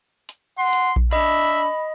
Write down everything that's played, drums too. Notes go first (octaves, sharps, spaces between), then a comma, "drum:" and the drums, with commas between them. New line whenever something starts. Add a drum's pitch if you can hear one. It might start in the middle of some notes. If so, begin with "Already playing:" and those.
drum: hi-hat
F#5 C6
drum: hi-hat
drum: kick A#1
D4 D#5 E5 B5